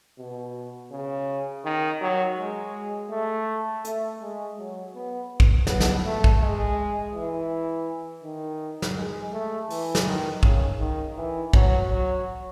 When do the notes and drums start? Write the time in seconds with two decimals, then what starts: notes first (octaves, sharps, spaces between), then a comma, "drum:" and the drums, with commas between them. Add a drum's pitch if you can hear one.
0.19 B2
0.91 C#3
1.65 D#3
2.01 F#3
2.38 G#3
3.11 A3
3.84 A3, drum: hi-hat
4.21 G#3
4.58 F#3
4.95 B3
5.40 drum: kick
5.67 B3, drum: snare
5.80 drum: snare
6.04 A3
6.24 drum: kick
6.41 G#3
7.14 E3
8.24 D#3
8.82 drum: snare
8.97 G#3
9.33 A3
9.70 E3, drum: open hi-hat
9.95 drum: snare
10.07 D#3
10.43 C#3, drum: kick
10.79 D#3
11.17 E3
11.53 F#3, drum: kick
11.90 F#3